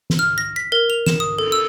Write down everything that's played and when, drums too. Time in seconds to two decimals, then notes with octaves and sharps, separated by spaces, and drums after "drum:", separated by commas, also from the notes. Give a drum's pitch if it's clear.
0.10 drum: snare
0.19 F6
0.38 A#6
0.56 B6
0.72 A#4
0.90 F7
1.06 E7, drum: snare
1.20 D#6
1.38 A4, drum: cymbal
1.52 E6